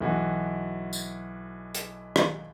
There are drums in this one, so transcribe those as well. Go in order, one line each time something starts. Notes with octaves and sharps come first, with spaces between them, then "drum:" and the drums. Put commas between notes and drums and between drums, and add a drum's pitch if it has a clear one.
B1 E3 F#4
drum: tambourine
drum: hi-hat
drum: rim click